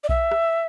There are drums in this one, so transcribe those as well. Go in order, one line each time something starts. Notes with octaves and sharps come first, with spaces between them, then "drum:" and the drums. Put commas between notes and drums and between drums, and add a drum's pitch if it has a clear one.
D5
E5, drum: kick B1
drum: rim click